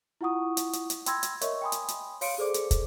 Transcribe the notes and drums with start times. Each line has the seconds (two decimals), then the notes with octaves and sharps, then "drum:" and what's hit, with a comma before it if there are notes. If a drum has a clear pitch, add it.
0.21 E4 F4 F#5 C#6 D#6
0.57 drum: hi-hat
0.73 drum: hi-hat
0.90 drum: hi-hat
1.06 G5 B5 C6 E6 G#6 A#6, drum: hi-hat
1.23 drum: hi-hat
1.41 A#4 C#5 D#5 E5 C#6, drum: hi-hat
1.62 G5 G#5 B5 C6 D#6
1.72 drum: hi-hat
1.88 drum: hi-hat
2.21 C#5 F5 C6 C#7 D7, drum: open hi-hat
2.38 G#4 A4 C5 D5 D6
2.54 drum: hi-hat
2.71 drum: kick, hi-hat